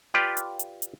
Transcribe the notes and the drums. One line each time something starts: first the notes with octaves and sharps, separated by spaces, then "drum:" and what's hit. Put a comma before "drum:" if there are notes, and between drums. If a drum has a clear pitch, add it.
F4 G4 B4 D5 F5 G5
drum: hi-hat
drum: hi-hat
drum: hi-hat